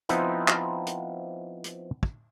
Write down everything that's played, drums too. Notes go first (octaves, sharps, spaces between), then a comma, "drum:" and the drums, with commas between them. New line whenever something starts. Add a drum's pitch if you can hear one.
F3 B3 C4 D#4 E4, drum: hi-hat
drum: clap
drum: hi-hat
drum: hi-hat
drum: kick